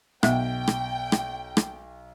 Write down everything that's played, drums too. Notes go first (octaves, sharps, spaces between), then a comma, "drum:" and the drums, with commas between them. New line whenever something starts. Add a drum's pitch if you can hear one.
B1 B3 E5 G5, drum: rim click
drum: rim click
drum: rim click
drum: rim click